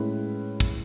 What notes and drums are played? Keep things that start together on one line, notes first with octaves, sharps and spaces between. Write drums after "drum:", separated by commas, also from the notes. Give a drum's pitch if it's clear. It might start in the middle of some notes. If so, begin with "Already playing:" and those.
Already playing: A2 G#3 C#4 E4 B4
drum: kick